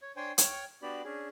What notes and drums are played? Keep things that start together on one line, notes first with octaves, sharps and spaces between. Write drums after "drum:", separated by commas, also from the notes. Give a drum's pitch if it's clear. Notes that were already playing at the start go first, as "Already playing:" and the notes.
C#5
D4 C5 C#5 G5 G#5
C#5 G5 C#6 F6, drum: hi-hat
B3 D4 F#4 G4 D5 B5
C#4 D4 G#4